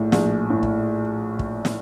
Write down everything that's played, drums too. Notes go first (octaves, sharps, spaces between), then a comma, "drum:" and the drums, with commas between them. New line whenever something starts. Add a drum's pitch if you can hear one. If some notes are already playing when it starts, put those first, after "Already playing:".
Already playing: A#1 A2
A#1, drum: snare
A2
drum: kick
drum: kick
drum: snare